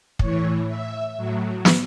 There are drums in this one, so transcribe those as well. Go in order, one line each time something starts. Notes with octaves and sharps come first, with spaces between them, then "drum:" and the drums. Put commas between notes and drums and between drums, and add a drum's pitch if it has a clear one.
A2 E3 C#5, drum: kick
E5
A2 F#3
drum: snare